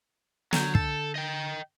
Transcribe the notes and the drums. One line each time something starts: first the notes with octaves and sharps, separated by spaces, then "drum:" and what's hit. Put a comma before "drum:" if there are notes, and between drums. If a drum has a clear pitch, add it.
D3 F#3 G6, drum: snare
A4, drum: kick
D#5 G5